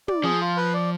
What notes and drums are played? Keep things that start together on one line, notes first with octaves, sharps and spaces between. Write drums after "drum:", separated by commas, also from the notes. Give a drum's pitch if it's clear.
D5, drum: tom
F3 G#4
F4
B4
D5